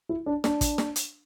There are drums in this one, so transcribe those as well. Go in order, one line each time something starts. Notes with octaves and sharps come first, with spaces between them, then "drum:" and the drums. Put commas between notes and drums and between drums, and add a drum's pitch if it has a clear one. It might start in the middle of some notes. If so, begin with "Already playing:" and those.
E4
D4
D4, drum: snare
drum: kick, hi-hat
drum: snare
drum: hi-hat